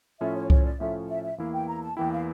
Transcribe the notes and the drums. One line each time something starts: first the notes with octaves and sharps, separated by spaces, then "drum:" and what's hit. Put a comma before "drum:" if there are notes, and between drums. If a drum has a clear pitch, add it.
A2 F3 C#4 F4 A4 E5
C#5
C#5, drum: kick C2
D5
A2 F3 C#4 F4 A4 E5
E5
E5
E2 E3 A#3 E4 F5
G5
A#5
A5
E2 E3 A#3 E4 G5
F5